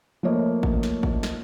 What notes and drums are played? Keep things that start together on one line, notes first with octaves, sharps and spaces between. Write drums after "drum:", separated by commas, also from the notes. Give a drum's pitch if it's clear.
F3 A3 A#3 C#5 D#5
drum: kick A1
drum: snare
drum: kick A1
drum: snare